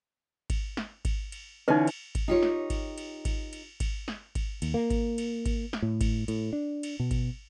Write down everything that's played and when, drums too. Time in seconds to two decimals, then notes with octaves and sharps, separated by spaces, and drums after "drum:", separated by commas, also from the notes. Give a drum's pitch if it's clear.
0.50 drum: kick G#1, cymbal
0.77 drum: snare
1.05 drum: kick G#1, cymbal
1.32 drum: cymbal
1.68 D3 E3 C#4 D#4 B4
1.87 drum: cymbal
2.15 drum: kick G#1, cymbal
2.28 D#4 F4 G4 A#4 C#5
2.43 drum: snare
2.70 drum: kick G#1, cymbal
2.98 drum: cymbal
3.25 drum: kick G#1, cymbal
3.53 drum: cymbal
3.80 drum: kick G#1, cymbal
4.08 drum: snare
4.35 drum: kick G#1, cymbal
4.62 D#2, drum: cymbal
4.74 A#3
4.90 drum: kick G#1, cymbal
5.18 drum: cymbal
5.46 drum: kick G#1, cymbal
5.73 drum: snare
5.82 A2
6.01 drum: kick G#1, cymbal
6.28 A2, drum: cymbal
6.53 D4
6.83 drum: cymbal
7.00 B2
7.11 drum: kick G#1, cymbal